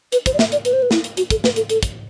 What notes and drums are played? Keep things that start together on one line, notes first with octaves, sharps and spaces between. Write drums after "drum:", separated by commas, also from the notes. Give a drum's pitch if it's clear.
B4, drum: hi-hat
C5, drum: kick, hi-hat
D5
E5, drum: snare
D5, drum: hi-hat
B4, drum: hi-hat
C5
B4
E4, drum: snare
drum: hi-hat
F#4, drum: hi-hat
A4, drum: kick, hi-hat
B4, drum: snare
A4, drum: hi-hat
A4, drum: hi-hat
drum: kick, hi-hat